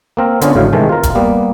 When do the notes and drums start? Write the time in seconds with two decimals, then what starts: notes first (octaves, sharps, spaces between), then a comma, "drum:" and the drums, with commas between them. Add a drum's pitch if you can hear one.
0.17 A#3 C4 A#4
0.41 D3 B3 C#4 F4, drum: hi-hat
0.55 G#1 A2 D3 F#3 F5
0.73 C3 D#3 E3 G#3 A3
0.89 F4 A#4
1.03 drum: kick E1, hi-hat
1.15 G3 A#3 B3